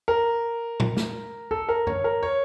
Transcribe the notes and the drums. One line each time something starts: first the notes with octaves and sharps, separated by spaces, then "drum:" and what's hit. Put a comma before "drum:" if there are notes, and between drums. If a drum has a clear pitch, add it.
A#4
drum: tom A#2
drum: snare
A4
A#4
C#5, drum: tom F#2
A#4
C#5